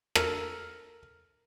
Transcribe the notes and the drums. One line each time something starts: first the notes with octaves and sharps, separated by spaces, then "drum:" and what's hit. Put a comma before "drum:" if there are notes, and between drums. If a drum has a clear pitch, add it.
A4 A#4, drum: rim click